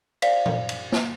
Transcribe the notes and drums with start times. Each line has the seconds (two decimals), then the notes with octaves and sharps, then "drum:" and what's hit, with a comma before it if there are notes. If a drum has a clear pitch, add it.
0.22 C5 D5 F5 B6, drum: cymbal
0.46 drum: tom A#2
0.69 drum: cymbal
0.92 drum: snare